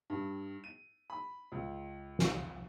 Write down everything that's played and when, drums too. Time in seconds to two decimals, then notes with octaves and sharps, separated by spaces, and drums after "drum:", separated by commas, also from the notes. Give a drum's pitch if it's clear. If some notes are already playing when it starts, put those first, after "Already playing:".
0.10 G2
0.64 D#7
1.10 B5
1.52 C#2
2.19 drum: snare